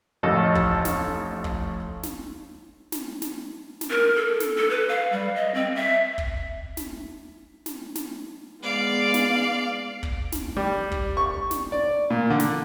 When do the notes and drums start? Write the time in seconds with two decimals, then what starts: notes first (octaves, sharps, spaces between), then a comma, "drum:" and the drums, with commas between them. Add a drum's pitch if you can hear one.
0.23 A1 F2 A3 A4 D#5
0.55 drum: kick
0.85 drum: snare
1.44 drum: kick
2.03 drum: snare
2.92 drum: snare
3.22 drum: snare
3.81 drum: snare
3.90 A#4
4.16 A4
4.40 drum: snare
4.57 A4
4.70 B4
4.89 F5
5.12 G3
5.36 D#5
5.54 C4
5.75 E5
6.18 drum: kick
6.77 drum: snare
7.66 drum: snare
7.95 drum: snare
8.63 G#3 B3 D5 F5
9.14 drum: snare
10.03 drum: kick
10.32 drum: snare
10.57 G3
10.92 drum: kick
11.17 C#6
11.51 drum: snare
11.72 D5
12.10 A#2
12.30 D3
12.40 drum: snare